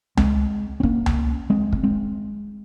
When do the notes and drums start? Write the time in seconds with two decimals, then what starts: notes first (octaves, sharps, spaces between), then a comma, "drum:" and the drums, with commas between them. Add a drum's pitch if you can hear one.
0.17 G#3 C4, drum: tom C#2
0.80 C4
0.83 A#3 C#4, drum: kick
1.06 drum: tom C#2
1.50 G#3 C4
1.73 drum: kick
1.83 G#3 C4